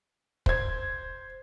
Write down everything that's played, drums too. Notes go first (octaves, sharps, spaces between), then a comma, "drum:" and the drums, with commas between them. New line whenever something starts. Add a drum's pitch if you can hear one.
C5 G#6, drum: kick